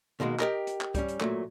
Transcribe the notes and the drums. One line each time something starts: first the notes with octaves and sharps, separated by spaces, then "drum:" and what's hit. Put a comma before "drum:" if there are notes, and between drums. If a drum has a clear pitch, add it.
B2 D#3 G#3 A#3
G4 A#4 D#5, drum: clap
drum: hi-hat
drum: clap
G3 C#4, drum: kick, hi-hat
drum: hi-hat
A#2 F#3 A3, drum: clap